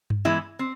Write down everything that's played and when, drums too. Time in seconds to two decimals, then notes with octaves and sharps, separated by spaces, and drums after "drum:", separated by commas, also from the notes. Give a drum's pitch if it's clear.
0.10 drum: tom G2
0.25 E3 G#3 B3 E4
0.59 C4